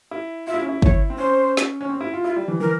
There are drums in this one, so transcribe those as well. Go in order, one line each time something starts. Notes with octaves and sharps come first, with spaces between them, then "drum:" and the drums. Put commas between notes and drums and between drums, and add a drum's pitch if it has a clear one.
E4
F4 E5
E4
C#4
E4
C#5, drum: kick
C4
C#4 C5
drum: snare
C#4
C4
E4
F4
E4 F4
G3
E3
E3 A#4